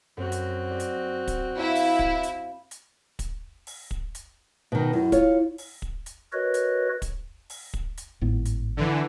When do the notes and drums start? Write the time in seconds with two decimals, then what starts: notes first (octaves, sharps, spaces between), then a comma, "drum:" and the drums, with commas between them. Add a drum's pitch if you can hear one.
0.17 F#2 C4 F#4
0.32 drum: hi-hat
0.70 G4 D5
0.80 drum: hi-hat
1.27 drum: kick, hi-hat
1.57 E4 F5 B6
1.75 drum: open hi-hat
1.99 drum: kick
2.23 drum: hi-hat
2.71 drum: hi-hat
3.19 drum: kick, hi-hat
3.67 drum: open hi-hat
3.91 drum: kick
4.15 drum: hi-hat
4.72 B2 D#3
4.93 F#2 E4
5.12 F4 C#5, drum: kick, hi-hat
5.58 drum: open hi-hat
5.82 drum: kick
6.06 drum: hi-hat
6.33 F#4 A#4 B4 C#5 D#5
6.54 drum: hi-hat
7.02 drum: kick, hi-hat
7.50 drum: open hi-hat
7.74 drum: kick
7.97 drum: hi-hat
8.21 G#1 A2 B3
8.45 drum: hi-hat
8.77 D3 E3